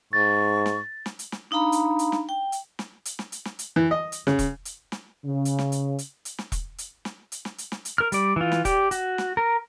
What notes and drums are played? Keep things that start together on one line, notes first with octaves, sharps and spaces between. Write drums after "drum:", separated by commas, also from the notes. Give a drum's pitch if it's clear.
G#2 C#6 A6
drum: snare
drum: snare
drum: hi-hat
drum: snare
D4 D#4 F5 A#5 B5
drum: hi-hat
drum: hi-hat
drum: snare
G5
drum: hi-hat
drum: snare
drum: hi-hat
drum: snare
drum: hi-hat
drum: snare
drum: hi-hat
E3
D#5
drum: hi-hat
C#3, drum: snare
drum: kick E1, hi-hat
drum: hi-hat
drum: snare
C#3
drum: hi-hat
drum: snare
drum: hi-hat
drum: hi-hat
drum: hi-hat
drum: snare
drum: kick E1, hi-hat
drum: hi-hat
drum: snare
drum: hi-hat
drum: snare
drum: hi-hat
drum: snare
drum: hi-hat
A#4 F6
G3 D5, drum: hi-hat
E3 F4
drum: snare
G4 D5, drum: kick E1, hi-hat
F#4, drum: hi-hat
drum: snare
A#4